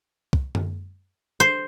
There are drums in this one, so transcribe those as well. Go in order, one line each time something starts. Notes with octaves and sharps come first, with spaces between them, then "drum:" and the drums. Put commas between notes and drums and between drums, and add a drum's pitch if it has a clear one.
drum: kick
drum: tom F#2
C5